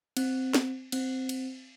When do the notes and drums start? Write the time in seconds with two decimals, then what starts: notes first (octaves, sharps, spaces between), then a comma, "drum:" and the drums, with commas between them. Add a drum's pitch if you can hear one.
0.17 C4, drum: cymbal
0.54 drum: snare
0.92 C4, drum: cymbal
1.29 drum: cymbal